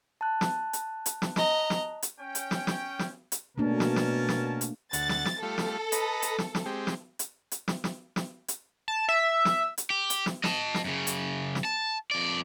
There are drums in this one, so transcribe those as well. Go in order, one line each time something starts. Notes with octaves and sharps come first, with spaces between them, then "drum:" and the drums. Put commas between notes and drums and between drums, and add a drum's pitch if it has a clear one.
A5 F#6
drum: snare
drum: hi-hat
drum: hi-hat
drum: snare
D#5 A#5, drum: snare
drum: snare
drum: hi-hat
C#4 G5
drum: hi-hat
drum: snare
drum: snare
drum: snare
drum: hi-hat
B2 A3 A#3 C#4 D4 A#4 A5
drum: snare
drum: snare
drum: snare
drum: hi-hat
D2 F#5 A6, drum: hi-hat
drum: snare
drum: snare
G3 A3 F4 A4
drum: snare
B4 D#5 A#5, drum: hi-hat
drum: hi-hat
drum: snare
drum: snare
G#3 C4 G4
drum: snare
drum: hi-hat
drum: hi-hat
drum: snare
drum: snare
drum: snare
drum: hi-hat
A5
E5
drum: snare
drum: hi-hat
G4
drum: hi-hat
drum: snare
D#5 A5, drum: snare
drum: snare
F#2 C#3
drum: hi-hat
drum: snare
A5
F2 D5